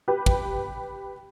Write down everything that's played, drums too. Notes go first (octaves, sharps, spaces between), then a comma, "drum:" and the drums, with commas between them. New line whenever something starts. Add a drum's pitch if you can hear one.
G4 B4
drum: kick